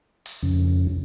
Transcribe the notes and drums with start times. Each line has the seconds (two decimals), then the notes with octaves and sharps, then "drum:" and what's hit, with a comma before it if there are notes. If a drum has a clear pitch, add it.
0.26 drum: open hi-hat
0.43 F2 C#3